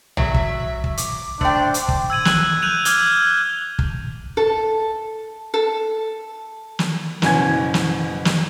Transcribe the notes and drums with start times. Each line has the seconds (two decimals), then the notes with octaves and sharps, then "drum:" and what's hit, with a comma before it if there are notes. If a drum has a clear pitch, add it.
0.17 F#3 E5, drum: tom
0.34 drum: kick
0.84 drum: kick
0.97 D6, drum: hi-hat
1.41 A3 D4 C5 G5, drum: kick
1.74 drum: hi-hat
1.89 drum: kick
2.10 E6 G#6 D#7 F#7
2.25 E6 F#6 D#7 F#7, drum: snare
2.62 F#6 G6 D#7 F7 F#7
2.85 D6 E6 F6 G#6 D#7 G7, drum: hi-hat
3.07 G#6
3.79 drum: kick
4.37 A4
5.54 A4
6.79 drum: snare
7.22 F#1 B2 C#4 G#5 G#6, drum: snare
7.74 drum: snare
8.25 drum: snare